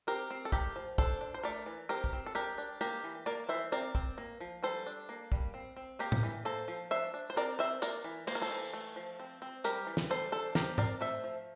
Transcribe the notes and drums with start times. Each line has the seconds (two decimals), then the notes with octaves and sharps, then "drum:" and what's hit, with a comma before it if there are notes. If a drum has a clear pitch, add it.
0.07 C4 G4 A#4
0.31 C4
0.45 A4
0.52 A3 G4 A#4, drum: kick
0.76 F3
0.98 D4 A4 C5, drum: kick
1.21 D4
1.34 C5
1.43 A3 A#4 D5
1.66 E3
1.89 C4 G4 A#4
2.04 drum: kick
2.13 C4
2.26 A4
2.35 D4 G4 A#4
2.58 D4
2.81 A#3 G4 A#4, drum: tambourine
3.04 E3
3.26 A#3 A#4 D5
3.49 E3 C5 E5
3.72 C4 A#4 D5
3.95 C4, drum: kick
4.18 A#3
4.40 F3
4.63 G3 A4 C5
4.87 D4
5.09 A#3
5.32 G3, drum: kick
5.54 C4
5.76 C4
5.99 A#3 G4 A#4
6.12 drum: tom
6.23 E3
6.45 A#3 A4 C5
6.68 F3
6.91 D4 C5 E5
7.14 D4
7.30 C5
7.36 C4 A#4 D5
7.59 C4 C5 E5
7.82 A#3 A#4 D5, drum: hi-hat
8.04 E3
8.27 A#3 C5, drum: cymbal
8.35 A#4
8.42 A4 C5
8.51 E3
8.74 A3
8.96 F3
9.20 C4
9.42 C4
9.64 G3 G4 A#4, drum: hi-hat
9.87 E3
9.97 drum: snare
10.09 G3 A4 C5
10.32 D4 A4 C5
10.55 C4 G4 A#4, drum: snare
10.78 C4 A#4 D5, drum: tom G#2
11.01 A3 C5 E5
11.24 F3